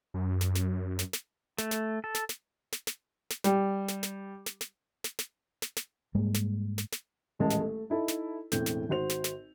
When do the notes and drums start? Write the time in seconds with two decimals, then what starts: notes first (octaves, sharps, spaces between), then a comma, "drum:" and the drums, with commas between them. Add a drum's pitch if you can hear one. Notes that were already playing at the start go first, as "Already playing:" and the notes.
0.14 F#2
0.41 drum: snare
0.55 drum: snare
0.99 drum: snare
1.13 drum: snare
1.58 A3, drum: snare
1.71 drum: snare
2.04 A4
2.15 drum: snare
2.29 drum: snare
2.73 drum: snare
2.87 drum: snare
3.31 drum: snare
3.44 G3, drum: snare
3.88 drum: snare
4.03 drum: snare
4.46 drum: snare
4.61 drum: snare
5.04 drum: snare
5.19 drum: snare
5.62 drum: snare
5.77 drum: snare
6.15 G#2 G3 G#3 A#3
6.35 drum: snare
6.78 drum: snare
6.93 drum: snare
7.39 D#1 A1 G#3 A#4 A5
7.50 drum: snare
7.61 A3
7.90 D#4 E4 A4
8.08 drum: snare
8.52 E1 A2 C4 G6, drum: snare
8.66 drum: snare
8.89 G#1 F#4 C5 F7
9.10 drum: snare
9.24 drum: snare